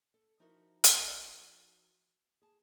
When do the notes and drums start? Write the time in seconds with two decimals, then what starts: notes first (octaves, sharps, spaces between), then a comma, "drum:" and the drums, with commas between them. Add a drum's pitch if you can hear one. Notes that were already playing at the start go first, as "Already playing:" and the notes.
0.14 A4
0.40 F3 D#4 E4 F#4 A#4 E5
0.84 drum: hi-hat
2.42 G#4 A5